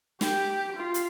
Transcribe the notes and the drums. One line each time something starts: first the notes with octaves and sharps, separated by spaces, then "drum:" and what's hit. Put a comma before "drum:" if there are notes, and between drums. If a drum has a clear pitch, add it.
G4, drum: snare
F4
drum: hi-hat